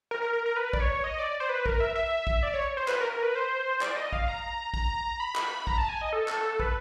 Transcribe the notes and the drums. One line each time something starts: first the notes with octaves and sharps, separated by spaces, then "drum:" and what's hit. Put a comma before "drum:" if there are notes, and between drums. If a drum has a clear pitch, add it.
A#4
A#4
A#4
A#4
B4
D5, drum: kick
C#5
D#5
D5
C5
B4
A#4, drum: kick
E5
E5
drum: kick
D5
C#5
C5
B4, drum: clap
A#4
A#4
B4
C5
D5, drum: clap
D#5
F5, drum: kick
A#5
A#5, drum: kick
B5
drum: clap
A#5, drum: kick
A5
G#5
D#5
A4
drum: clap
B4, drum: kick